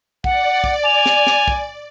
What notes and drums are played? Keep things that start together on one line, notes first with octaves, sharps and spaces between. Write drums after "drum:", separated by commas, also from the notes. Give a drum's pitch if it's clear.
D5 F#5, drum: kick
drum: kick
G#5 F7
drum: snare
drum: snare
drum: kick